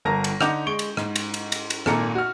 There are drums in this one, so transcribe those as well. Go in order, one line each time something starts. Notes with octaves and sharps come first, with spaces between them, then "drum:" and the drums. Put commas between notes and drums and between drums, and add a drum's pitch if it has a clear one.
G1 A#4 A5 A#5 A#6
drum: cymbal
D3 D#4 F#5 D6 G6 F7, drum: rim click
G#3 C#6 D7 G7
drum: cymbal
G#2, drum: rim click
drum: cymbal
drum: cymbal
drum: cymbal
drum: cymbal
G#1 A#2 A4 A#4 A#5 C#7, drum: rim click
F#4 F6